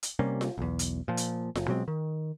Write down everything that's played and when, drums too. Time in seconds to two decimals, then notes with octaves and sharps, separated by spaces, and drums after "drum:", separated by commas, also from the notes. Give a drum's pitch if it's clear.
0.03 drum: hi-hat
0.19 C3 G3 A#3 C#4
0.41 drum: snare F4
0.58 B1 E2
0.79 drum: hi-hat
1.08 A#2 F3
1.17 drum: hi-hat
1.55 F#1, drum: snare F4
1.68 B2 F#3 G#3 C4
1.88 D#3